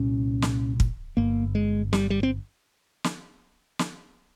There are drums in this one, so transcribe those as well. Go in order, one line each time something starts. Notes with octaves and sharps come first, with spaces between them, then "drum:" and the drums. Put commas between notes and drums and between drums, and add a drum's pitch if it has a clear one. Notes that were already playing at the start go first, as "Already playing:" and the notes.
Already playing: C2 A#2 C#4
drum: snare
drum: kick
G1 G2 A#3
G#3
G3, drum: snare
G3
C4
drum: snare
drum: snare